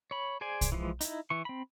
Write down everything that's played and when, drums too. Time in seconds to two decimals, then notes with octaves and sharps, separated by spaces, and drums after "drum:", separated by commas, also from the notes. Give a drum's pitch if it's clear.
0.11 C#5 B5
0.41 G#4 C5 D5 G#5
0.61 drum: kick, hi-hat
0.72 E3 F3 G#3
1.01 D#4 E4, drum: hi-hat
1.30 E3 C#6
1.45 C4 B5